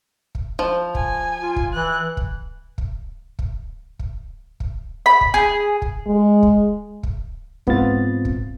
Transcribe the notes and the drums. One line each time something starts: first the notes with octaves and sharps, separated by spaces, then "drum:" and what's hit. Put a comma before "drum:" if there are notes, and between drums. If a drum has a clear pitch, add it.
drum: kick
F3
G#5, drum: kick
F4
drum: kick
E3 F#6
drum: kick
drum: kick
drum: kick
drum: kick
drum: kick
B5
drum: kick
G#4
drum: kick
G#3
drum: kick
drum: kick
G#2 B3 C4 F4 A6, drum: kick
drum: kick